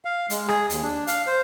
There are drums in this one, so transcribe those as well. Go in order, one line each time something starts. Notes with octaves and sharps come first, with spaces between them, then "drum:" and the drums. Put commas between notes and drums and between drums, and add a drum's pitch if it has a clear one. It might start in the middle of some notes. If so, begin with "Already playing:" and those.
F5
G#3, drum: hi-hat
G#4, drum: rim click
D#2, drum: hi-hat
D4
F5, drum: hi-hat
C5